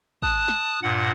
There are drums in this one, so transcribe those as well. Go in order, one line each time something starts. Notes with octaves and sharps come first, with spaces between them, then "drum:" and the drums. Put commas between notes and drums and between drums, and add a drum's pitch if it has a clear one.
A5 D#6 F#6, drum: kick
drum: snare
G2 A#2 F#5